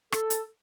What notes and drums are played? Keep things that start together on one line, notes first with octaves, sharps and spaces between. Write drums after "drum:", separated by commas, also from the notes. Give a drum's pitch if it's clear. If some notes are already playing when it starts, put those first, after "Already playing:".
A4, drum: rim click
drum: hi-hat